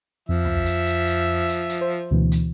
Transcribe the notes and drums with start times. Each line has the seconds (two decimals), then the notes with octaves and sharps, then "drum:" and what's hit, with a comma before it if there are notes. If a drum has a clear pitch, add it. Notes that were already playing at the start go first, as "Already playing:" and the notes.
0.29 F2 F3 E5
0.45 drum: tom
0.66 drum: hi-hat
0.86 drum: hi-hat
1.07 drum: hi-hat
1.49 drum: hi-hat
1.69 drum: hi-hat
1.81 C5
2.11 D2 B2 E3
2.32 drum: hi-hat